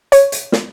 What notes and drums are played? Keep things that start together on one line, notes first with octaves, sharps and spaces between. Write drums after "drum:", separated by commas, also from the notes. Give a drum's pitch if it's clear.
C#5, drum: hi-hat
drum: hi-hat
drum: snare